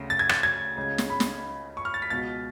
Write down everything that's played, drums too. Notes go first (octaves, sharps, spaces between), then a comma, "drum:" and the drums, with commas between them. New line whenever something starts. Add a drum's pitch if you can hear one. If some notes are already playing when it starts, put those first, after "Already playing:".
Already playing: D2 C#3
A6
G#6
A6, drum: rim click
G#6
C#2 C#3
drum: snare
B5
drum: snare
C#6
F6
A6
B6
C#2 B2 A6